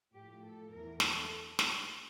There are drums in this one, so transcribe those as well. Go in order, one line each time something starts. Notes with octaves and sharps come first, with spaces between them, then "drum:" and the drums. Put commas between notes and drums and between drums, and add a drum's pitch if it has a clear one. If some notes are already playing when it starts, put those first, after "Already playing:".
A2 F3 G4
A4
E2 E3 A#4
A4, drum: snare
drum: snare